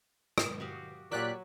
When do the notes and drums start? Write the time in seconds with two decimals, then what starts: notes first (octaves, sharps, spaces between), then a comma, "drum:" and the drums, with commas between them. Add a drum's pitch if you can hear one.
0.38 drum: rim click
0.60 F#4 G4 F5
1.12 A#2 F#3 G4 A#4 D5 F#6 B6